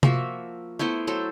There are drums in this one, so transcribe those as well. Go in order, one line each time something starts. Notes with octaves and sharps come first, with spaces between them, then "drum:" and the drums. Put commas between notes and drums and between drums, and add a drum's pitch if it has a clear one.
F3 A#3 F#4 E5, drum: tom C3
A3 B3 E4 C5
F#3 A4 C5